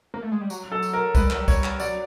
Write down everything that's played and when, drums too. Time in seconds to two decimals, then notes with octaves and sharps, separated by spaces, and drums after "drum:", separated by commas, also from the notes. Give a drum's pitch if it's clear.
0.14 A#3
0.22 A3
0.32 G#3
0.41 G3
0.50 F#3, drum: tambourine
0.72 A4
0.83 drum: tambourine
0.94 A#4
1.15 G#3 B4, drum: kick, tambourine
1.22 G3
1.30 F#3, drum: clap
1.39 G3
1.48 C#5, drum: kick, tambourine
1.64 drum: clap
1.80 F#3 D5, drum: tambourine